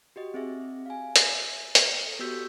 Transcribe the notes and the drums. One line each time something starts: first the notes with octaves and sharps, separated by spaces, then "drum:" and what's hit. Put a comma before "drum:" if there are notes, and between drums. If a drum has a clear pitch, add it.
F#4 G4 D#5
C4 G#4 E5
F5 G#5
drum: hi-hat
E5
drum: hi-hat
A4
B3 F#4 G4 E6 G6 B6